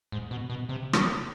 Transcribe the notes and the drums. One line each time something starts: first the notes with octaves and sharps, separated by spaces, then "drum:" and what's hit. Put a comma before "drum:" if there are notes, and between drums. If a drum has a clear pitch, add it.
G#2
B2
B2
C3
drum: rim click